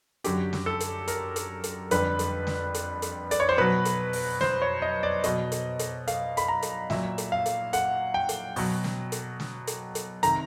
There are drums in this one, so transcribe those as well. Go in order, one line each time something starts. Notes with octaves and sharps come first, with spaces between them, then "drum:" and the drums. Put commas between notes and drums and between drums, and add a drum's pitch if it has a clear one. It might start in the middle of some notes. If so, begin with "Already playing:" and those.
F#2 D3 F#3 G4, drum: hi-hat
drum: snare
A4
drum: hi-hat
A#4, drum: hi-hat
drum: hi-hat
drum: hi-hat
F2 D3 G3 B4, drum: hi-hat
drum: hi-hat
drum: snare
drum: hi-hat
drum: hi-hat
D5, drum: hi-hat
C#5
C5
B2 F#3 B4
drum: hi-hat
drum: open hi-hat
C5, drum: snare
C#5
D#5
D5
B2 F#3 D#5, drum: hi-hat
drum: hi-hat
drum: hi-hat
F5, drum: hi-hat
B5, drum: hi-hat
A#5
drum: hi-hat
A#2 F#3 E5, drum: snare
drum: hi-hat
F5
drum: hi-hat
F#5, drum: hi-hat
G5
drum: hi-hat
B2 F#3, drum: open hi-hat
drum: snare
drum: hi-hat
drum: snare
drum: hi-hat
drum: hi-hat
C3 D#3 A#5, drum: hi-hat